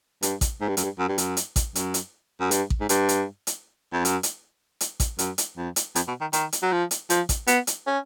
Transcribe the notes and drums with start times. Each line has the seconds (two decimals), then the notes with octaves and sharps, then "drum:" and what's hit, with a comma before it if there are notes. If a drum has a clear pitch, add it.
0.22 G2, drum: hi-hat
0.41 drum: kick A1, hi-hat
0.61 G#2
0.68 G2
0.77 F#2, drum: hi-hat
0.84 G2
0.99 F#2
1.08 G2
1.18 F#2, drum: hi-hat
1.37 drum: hi-hat
1.56 drum: kick A1, hi-hat
1.75 F#2, drum: hi-hat
1.94 drum: hi-hat
2.40 F#2
2.51 G2, drum: hi-hat
2.70 drum: kick A1
2.81 G#2
2.89 G2, drum: hi-hat
3.09 drum: hi-hat
3.47 drum: hi-hat
3.93 F2
4.05 F#2, drum: hi-hat
4.23 drum: hi-hat
4.81 drum: hi-hat
5.00 drum: kick A1, hi-hat
5.19 F#2, drum: hi-hat
5.38 drum: hi-hat
5.57 F2
5.76 drum: hi-hat
5.95 F2, drum: hi-hat
6.08 B2
6.21 D#3
6.33 D#3, drum: hi-hat
6.52 drum: hi-hat
6.62 F#3
6.72 F3
6.91 drum: hi-hat
7.10 F3, drum: hi-hat
7.29 drum: kick A1, hi-hat
7.47 B3, drum: hi-hat
7.67 drum: hi-hat
7.87 C#4